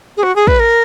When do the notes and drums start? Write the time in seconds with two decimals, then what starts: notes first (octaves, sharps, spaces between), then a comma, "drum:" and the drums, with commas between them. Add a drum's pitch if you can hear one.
0.17 G#4
0.23 F#4, drum: rim click
0.36 G#4
0.47 B4, drum: kick
0.59 A#4